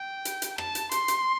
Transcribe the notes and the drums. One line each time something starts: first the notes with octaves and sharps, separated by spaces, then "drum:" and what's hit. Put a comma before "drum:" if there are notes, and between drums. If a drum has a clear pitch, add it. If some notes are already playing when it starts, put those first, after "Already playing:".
Already playing: G5
drum: hi-hat
drum: hi-hat
A5, drum: rim click
drum: hi-hat
C6, drum: hi-hat
drum: hi-hat